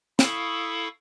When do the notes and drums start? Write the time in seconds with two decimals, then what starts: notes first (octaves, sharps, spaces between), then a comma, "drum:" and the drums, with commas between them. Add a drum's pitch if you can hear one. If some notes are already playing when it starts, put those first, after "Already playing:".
0.19 E4 A4 F5 B5 C#6 D#6, drum: snare